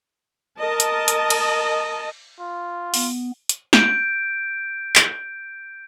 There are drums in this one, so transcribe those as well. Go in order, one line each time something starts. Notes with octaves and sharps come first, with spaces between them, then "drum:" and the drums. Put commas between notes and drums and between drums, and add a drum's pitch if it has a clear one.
A#4 D#5 A5
drum: hi-hat
drum: hi-hat
drum: cymbal
F4
B3, drum: open hi-hat
drum: hi-hat
G6 D7, drum: snare
drum: clap